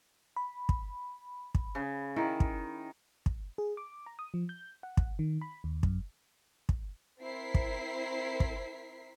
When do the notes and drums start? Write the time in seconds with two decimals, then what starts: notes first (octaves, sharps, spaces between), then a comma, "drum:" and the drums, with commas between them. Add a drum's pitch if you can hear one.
0.37 B5
0.69 drum: kick
1.55 drum: kick
1.75 C#3
2.16 D#3 E4
2.40 drum: kick
3.26 drum: kick
3.58 G#4
3.77 D6
4.06 A#5
4.19 D#6
4.34 F3
4.49 G6
4.83 F#5
4.97 drum: kick
5.19 D#3
5.41 B5
5.64 D#2
5.83 F#2, drum: kick
6.69 drum: kick
7.21 C4 E4 A#4 B6 C7
7.55 drum: kick
8.40 drum: kick